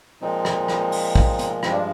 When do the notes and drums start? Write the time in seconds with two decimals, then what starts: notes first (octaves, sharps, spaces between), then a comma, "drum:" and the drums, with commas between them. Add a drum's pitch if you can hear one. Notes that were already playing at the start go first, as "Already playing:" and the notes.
0.21 A#2 F3 G#3 C4 D#4
0.45 drum: rim click
0.68 drum: rim click
0.92 drum: open hi-hat
1.15 drum: kick
1.39 drum: hi-hat
1.63 G2 F3 G#3 C4, drum: rim click
1.72 D4